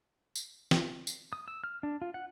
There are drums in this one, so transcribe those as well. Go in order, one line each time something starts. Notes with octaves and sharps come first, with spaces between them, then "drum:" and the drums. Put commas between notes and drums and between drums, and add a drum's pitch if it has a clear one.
drum: tambourine
drum: snare
drum: tambourine
D#6
E6
F6
D4
F4
F#5